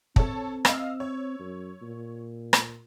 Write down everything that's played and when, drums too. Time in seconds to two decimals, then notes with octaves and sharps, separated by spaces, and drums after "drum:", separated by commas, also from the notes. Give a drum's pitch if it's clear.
0.16 C4 A4 C#5 A5, drum: kick
0.65 D#5 F5 E6, drum: rim click
1.00 C#5
1.40 F#2
1.82 A#2
2.53 drum: rim click